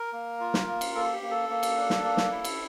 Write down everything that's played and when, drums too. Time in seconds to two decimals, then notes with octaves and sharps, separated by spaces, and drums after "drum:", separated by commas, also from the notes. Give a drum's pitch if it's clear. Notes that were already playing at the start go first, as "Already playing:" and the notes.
Already playing: A#4
0.13 A#3
0.40 F4
0.54 drum: snare
0.68 A#3
0.81 drum: cymbal
0.95 A#3 A4
1.13 G4
1.22 A#3
1.31 A4
1.49 A#3
1.63 drum: cymbal
1.76 D4
1.90 drum: snare
2.03 A#3
2.17 drum: snare
2.31 E4
2.44 drum: cymbal